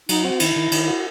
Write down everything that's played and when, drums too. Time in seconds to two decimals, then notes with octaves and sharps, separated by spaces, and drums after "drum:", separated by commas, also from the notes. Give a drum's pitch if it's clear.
0.09 F#3 D#4, drum: cymbal
0.24 C4 F#4
0.40 D#3 E4, drum: cymbal
0.56 D#3
0.72 D#3, drum: cymbal
0.88 F#4